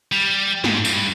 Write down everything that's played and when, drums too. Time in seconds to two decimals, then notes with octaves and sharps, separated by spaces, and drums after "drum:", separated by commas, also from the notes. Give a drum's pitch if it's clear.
0.12 G3
0.64 G#2, drum: snare
0.85 G2, drum: tambourine